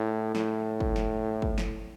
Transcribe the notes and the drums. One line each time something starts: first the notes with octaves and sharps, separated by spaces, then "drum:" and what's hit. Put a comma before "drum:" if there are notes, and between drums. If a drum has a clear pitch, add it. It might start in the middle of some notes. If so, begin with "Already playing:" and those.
Already playing: A2
A2, drum: snare
drum: kick
drum: snare
drum: kick
drum: snare